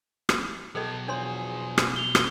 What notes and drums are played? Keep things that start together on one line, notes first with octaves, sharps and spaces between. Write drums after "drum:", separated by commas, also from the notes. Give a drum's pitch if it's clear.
drum: rim click
B2 F#3 G#4 A4 B4 D#5 G5 A5
E2 F3 D4 G#4 C#5 C6
drum: rim click
F7 G7
drum: rim click